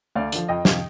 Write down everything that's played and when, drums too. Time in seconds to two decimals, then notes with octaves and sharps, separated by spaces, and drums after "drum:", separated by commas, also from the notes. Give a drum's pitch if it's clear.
0.16 D2 D5 F5
0.32 D3 F3, drum: hi-hat
0.48 F2 D#5 G5
0.65 C3 F3, drum: snare